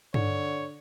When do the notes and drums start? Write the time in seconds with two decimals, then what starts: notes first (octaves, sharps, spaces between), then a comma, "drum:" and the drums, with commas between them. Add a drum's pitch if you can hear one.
0.14 D3 C#5, drum: tom G2